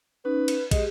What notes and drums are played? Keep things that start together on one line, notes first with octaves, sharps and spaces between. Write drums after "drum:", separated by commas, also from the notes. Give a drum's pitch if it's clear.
C#4 D#4 B4
drum: cymbal
G#3 G4 G#4, drum: kick, cymbal